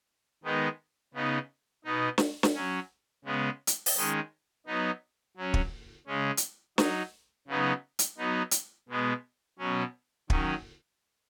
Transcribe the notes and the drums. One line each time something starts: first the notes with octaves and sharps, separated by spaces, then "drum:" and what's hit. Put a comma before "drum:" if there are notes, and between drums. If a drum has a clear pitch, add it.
D#3 G#3 B3 D#4
C#3 B3 D#4
B2 B3 D#4
drum: snare
drum: snare
F#3 C#4
C#3 G#3 B3
drum: hi-hat
drum: open hi-hat
D#3 G#3 C#4
F#3 B3 D#4
F#3 C#4
drum: kick
C#3 G#3 C#4
drum: hi-hat
F#3 D#4, drum: snare
C#3 F#3 B3 D#4
drum: hi-hat
F#3 B3 D#4
drum: hi-hat
B2 G#3 B3
B2 F#3 C#4
D#3 F#3 C#4, drum: kick